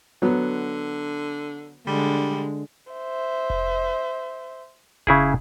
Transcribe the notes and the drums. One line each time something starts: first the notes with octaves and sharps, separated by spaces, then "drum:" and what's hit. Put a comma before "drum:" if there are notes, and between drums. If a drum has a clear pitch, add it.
D3 F#3 B3
D3 G3 G#3
C5 E5
drum: kick F1
C#3 E4 G#4, drum: kick F1